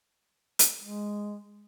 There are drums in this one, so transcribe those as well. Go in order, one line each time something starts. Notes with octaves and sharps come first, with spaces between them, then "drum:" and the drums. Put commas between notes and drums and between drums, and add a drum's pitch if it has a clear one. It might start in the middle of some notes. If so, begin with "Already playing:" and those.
drum: hi-hat
G#3